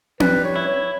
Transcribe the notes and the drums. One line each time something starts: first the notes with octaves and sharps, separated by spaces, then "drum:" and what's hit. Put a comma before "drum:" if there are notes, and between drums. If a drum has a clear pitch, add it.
G3 B4, drum: tom C4
C#5
E4
C#5